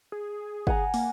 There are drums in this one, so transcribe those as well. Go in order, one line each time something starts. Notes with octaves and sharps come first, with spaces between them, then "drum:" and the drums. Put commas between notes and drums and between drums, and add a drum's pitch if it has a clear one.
G#4
F#5 G#5 A#5, drum: kick G1
A#3, drum: open hi-hat